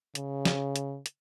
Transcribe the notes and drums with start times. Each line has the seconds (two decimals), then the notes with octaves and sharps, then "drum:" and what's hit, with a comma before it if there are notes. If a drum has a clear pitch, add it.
0.15 C#3, drum: hi-hat
0.45 drum: snare
0.76 drum: hi-hat
1.06 drum: hi-hat